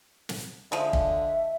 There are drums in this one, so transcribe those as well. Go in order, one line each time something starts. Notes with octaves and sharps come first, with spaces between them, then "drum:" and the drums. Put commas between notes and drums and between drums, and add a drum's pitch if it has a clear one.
drum: snare
D3 F3 G#3 E5
drum: kick